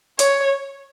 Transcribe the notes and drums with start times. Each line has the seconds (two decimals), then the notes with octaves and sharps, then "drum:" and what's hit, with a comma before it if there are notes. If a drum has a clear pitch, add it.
0.19 C#5, drum: hi-hat